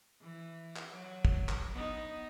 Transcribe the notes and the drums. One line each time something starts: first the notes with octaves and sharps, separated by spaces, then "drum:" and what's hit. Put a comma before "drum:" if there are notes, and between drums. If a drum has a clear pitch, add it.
E3
drum: clap
F#3
drum: kick
drum: clap
B3 D#4